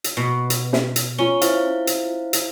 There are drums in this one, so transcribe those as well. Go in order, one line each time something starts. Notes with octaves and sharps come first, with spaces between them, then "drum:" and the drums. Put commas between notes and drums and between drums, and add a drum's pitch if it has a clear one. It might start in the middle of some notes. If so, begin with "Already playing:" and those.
drum: hi-hat
B2
drum: hi-hat
drum: snare
drum: hi-hat
C#4 F4 G7
E4 C5 F5, drum: hi-hat
drum: hi-hat
drum: hi-hat